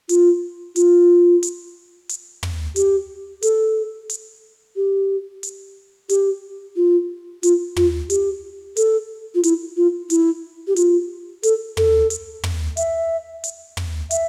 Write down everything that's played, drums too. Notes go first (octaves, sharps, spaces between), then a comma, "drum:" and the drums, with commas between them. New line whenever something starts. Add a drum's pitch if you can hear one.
F4, drum: hi-hat
F4, drum: hi-hat
drum: hi-hat
drum: hi-hat
drum: tom
G4, drum: hi-hat
A4, drum: hi-hat
drum: hi-hat
G4
drum: hi-hat
G4, drum: hi-hat
F4
F4, drum: hi-hat
F4, drum: tom
G4, drum: hi-hat
A4, drum: hi-hat
F4
E4, drum: hi-hat
F4
E4, drum: hi-hat
G4
F4, drum: hi-hat
A4, drum: hi-hat
A4, drum: tom
drum: hi-hat
drum: tom
E5, drum: hi-hat
drum: hi-hat
drum: tom
E5, drum: hi-hat